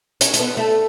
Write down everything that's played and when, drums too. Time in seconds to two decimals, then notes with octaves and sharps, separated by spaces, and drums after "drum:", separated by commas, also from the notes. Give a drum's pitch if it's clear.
0.21 C#4, drum: hi-hat
0.34 A3, drum: hi-hat
0.40 B3
0.57 A3